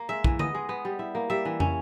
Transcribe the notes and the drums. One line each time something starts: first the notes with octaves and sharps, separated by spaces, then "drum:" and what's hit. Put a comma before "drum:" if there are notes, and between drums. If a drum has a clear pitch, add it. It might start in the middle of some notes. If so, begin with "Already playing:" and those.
Already playing: A#3
G#3 E5
E3, drum: kick
B3 D#5, drum: tom D3
G#3
B3
G3
E4
A#3
G3 E5
E3
C#4, drum: tom